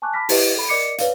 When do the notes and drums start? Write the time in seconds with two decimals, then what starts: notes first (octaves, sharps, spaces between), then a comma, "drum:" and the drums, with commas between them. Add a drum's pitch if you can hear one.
0.02 G#5 A5 C#6 D6 F#6
0.14 A5 B5 D6 F6 A#6 B6
0.29 E4 G4 B4 D#5, drum: open hi-hat
0.56 A4 B5
0.69 A#4 D5 D#5 D6 C7 C#7
0.98 B4 C#5 D5 F5, drum: hi-hat